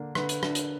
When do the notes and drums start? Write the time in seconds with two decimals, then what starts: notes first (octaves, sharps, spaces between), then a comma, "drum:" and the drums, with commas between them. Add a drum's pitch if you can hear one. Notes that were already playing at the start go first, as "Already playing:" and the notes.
Already playing: D3 A#3 D4
0.15 D3 B4, drum: rim click
0.29 drum: hi-hat
0.43 D4, drum: rim click
0.55 drum: hi-hat